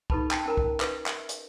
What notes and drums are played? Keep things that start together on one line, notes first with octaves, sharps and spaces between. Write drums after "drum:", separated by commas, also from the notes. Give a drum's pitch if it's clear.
D#4 G4 A4 B4 A5 B5, drum: kick
G5 A5 A#5, drum: clap
C#4 A#4 A#5
drum: kick
F#4 B4, drum: clap
E5, drum: clap
drum: hi-hat